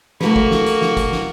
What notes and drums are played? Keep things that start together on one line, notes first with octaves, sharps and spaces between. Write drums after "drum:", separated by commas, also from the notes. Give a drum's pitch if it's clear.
A3 A#3 F#4 B4, drum: snare
drum: kick
drum: snare
drum: hi-hat
drum: snare
drum: kick, hi-hat
drum: snare